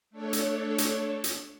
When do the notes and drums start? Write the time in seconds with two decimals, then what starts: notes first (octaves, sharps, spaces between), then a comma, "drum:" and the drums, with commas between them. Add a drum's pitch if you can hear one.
0.10 A3 D4 A4 C#5
0.33 drum: hi-hat
0.78 drum: hi-hat
1.24 drum: hi-hat